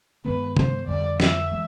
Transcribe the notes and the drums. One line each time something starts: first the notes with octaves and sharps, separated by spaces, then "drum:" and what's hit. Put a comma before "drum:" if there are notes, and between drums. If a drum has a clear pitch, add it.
G2 D#3 G#3 B3 B4
C5, drum: tom
F2 D3 G3 D5
E5, drum: snare
E3 G#3